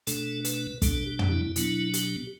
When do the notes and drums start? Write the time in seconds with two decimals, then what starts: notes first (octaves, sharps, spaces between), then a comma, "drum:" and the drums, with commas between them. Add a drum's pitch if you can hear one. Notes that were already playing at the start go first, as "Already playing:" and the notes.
0.07 B2 A3 D4 A4, drum: hi-hat
0.45 B4, drum: hi-hat
0.82 B2 G3 D4 A4, drum: kick, hi-hat
1.06 G4
1.19 drum: tom
1.31 E4
1.56 B2 F#3 B3 D4 E4, drum: hi-hat
1.93 G4, drum: hi-hat